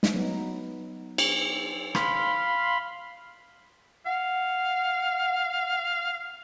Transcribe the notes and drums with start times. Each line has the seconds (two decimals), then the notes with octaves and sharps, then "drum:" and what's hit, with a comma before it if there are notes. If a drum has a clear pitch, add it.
0.03 drum: snare
0.14 F#3 B3 D#4
1.18 drum: cymbal
1.95 F5 B5 C6, drum: rim click
4.06 F5 F#5